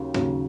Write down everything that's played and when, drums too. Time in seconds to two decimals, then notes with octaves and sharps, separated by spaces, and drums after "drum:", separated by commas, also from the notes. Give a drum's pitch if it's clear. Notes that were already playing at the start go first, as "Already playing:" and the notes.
Already playing: D#2 C#3 F#3
0.14 D#2 C#3 F#3, drum: snare